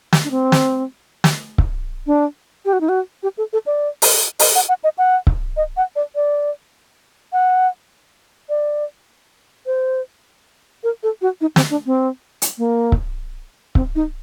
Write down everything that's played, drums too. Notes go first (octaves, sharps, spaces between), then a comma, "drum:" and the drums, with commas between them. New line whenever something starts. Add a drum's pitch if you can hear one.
drum: snare
D4
C4
drum: snare
drum: snare
drum: kick C#1
D4
G4
F#4
D#4
F#4
G4
A4
A4
D5
drum: open hi-hat
D#5, drum: open hi-hat
F#5
F#5
D#5
F#5
drum: kick C#1
D#5
F#5
D5
D5
F#5
D5
C5
A#4
A4
F#4
D#4
C4, drum: snare
D4
C4
drum: hi-hat
A#3
drum: kick C#1
C4, drum: kick C#1
D#4